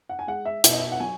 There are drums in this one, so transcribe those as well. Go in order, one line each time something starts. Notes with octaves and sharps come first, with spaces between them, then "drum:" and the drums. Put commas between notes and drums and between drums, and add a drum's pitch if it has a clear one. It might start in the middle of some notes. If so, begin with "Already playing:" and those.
F#5
G#5
G#3 F#5
E5
B2 E5, drum: hi-hat
D#5
E5
F#5
F#3 G#5